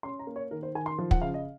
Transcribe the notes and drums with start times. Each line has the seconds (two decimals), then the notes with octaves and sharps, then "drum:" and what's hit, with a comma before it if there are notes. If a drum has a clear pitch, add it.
0.03 C#4 C6
0.19 A#5
0.27 A#3
0.36 C#5
0.51 D#3 A#4
0.63 C5
0.75 D#3 G#5
0.86 C6
0.98 F3
1.11 F#5, drum: kick
1.22 C#3 F5
1.34 D#5